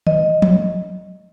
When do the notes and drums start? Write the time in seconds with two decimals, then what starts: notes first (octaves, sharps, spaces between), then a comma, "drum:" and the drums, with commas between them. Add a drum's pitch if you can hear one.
0.07 D#5, drum: tom D#3
0.42 drum: tom F3